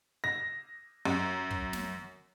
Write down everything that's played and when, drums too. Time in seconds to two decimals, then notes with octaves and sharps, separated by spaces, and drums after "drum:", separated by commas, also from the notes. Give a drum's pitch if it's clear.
0.24 A#6
1.05 F#2
1.51 drum: kick
1.73 drum: snare